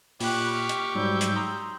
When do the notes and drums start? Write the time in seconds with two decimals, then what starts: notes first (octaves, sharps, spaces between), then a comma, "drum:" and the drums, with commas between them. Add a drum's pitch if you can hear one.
0.20 A#2 G4 B5 C#6 F#6, drum: open hi-hat
0.53 F6 B6
0.69 drum: hi-hat
0.95 G#2 F#3 G3 E6 G6
1.21 drum: hi-hat
1.35 A#5 C6 D#6